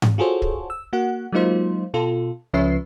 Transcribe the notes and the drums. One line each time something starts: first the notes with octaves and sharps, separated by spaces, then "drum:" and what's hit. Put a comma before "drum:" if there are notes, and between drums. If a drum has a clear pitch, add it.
drum: tom G#2
F4 F#4 G#4 A4 C5 C#5
drum: kick
E6
A#3 F#4 F#5
F#3 G#3 A#3 D#4 F4 C5
B2 F4 A4
C#2 F3 C#4 B4 E5 C7